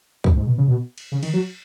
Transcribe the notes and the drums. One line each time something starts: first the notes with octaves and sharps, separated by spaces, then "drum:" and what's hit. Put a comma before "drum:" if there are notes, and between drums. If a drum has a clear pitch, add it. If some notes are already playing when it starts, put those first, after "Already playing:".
F#2, drum: kick C2
G#2
B2
C#3
B2
drum: cymbal
C#3
D#3, drum: cymbal
F#3